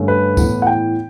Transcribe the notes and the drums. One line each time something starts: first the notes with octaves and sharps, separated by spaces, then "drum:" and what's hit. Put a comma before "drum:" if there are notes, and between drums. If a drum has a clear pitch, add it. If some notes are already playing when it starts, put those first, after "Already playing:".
Already playing: G2 D3 A3 C#4
B4
A2 E3 B3, drum: kick, tambourine
F#5
G5